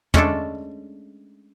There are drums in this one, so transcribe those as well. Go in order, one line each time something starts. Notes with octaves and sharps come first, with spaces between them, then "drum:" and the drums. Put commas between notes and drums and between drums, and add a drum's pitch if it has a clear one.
G#3 A3 C#4 D4 A4, drum: tom